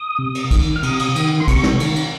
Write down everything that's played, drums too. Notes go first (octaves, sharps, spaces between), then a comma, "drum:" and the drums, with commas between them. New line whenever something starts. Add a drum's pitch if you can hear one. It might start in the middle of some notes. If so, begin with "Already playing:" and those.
Already playing: D#6
C3
drum: cymbal
D#3, drum: kick, cymbal
F6
C3 D#6, drum: cymbal
drum: cymbal
D#3, drum: cymbal
C6
C3 C#6, drum: kick, cymbal
drum: snare
D#3, drum: cymbal
drum: cymbal